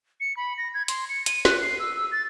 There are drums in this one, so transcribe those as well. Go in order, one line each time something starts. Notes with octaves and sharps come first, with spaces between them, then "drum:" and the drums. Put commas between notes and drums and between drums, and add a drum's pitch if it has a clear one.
C#7
B5
A#6
G#6
C6, drum: hi-hat
C#7
D#7, drum: hi-hat
F#6, drum: snare
C7
E6
E6
A6